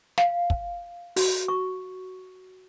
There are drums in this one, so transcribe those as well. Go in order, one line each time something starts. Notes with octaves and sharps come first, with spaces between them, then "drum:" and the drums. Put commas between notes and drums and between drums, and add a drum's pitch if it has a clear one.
F5, drum: snare
drum: kick
F#4, drum: open hi-hat
C#6